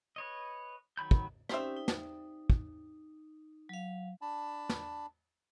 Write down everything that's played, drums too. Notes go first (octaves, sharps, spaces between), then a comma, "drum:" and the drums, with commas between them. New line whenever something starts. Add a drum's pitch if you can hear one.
B4 C#5 D#5
D#3 F#3 B5 G6
drum: kick
G3 C4 C#4 D#4 G4 E5, drum: rim click
D#4
drum: snare
drum: kick
F#3 F5
D4 A5 B5
drum: snare